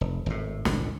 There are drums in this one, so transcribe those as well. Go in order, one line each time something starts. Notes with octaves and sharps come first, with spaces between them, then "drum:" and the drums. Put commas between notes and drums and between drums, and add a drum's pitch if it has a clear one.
F1
G#1 A2
G#1 C#2 A#2 D3, drum: snare